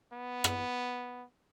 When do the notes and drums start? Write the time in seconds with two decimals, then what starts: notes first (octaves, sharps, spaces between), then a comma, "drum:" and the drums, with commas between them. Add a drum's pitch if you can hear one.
0.14 B3
0.44 drum: rim click